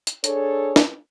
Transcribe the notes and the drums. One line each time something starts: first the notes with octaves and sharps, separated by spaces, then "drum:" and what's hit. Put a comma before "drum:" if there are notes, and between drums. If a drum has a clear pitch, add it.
drum: hi-hat
D4 G#4 A4 C#5, drum: hi-hat
drum: snare